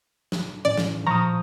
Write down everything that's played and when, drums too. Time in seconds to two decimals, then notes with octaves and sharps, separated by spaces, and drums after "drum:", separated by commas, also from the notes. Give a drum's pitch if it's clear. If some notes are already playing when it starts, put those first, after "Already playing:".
0.32 drum: snare
0.65 A2 E3 C#4 D5
0.78 drum: snare
1.07 A#2 F3 A#5 C#6 D#6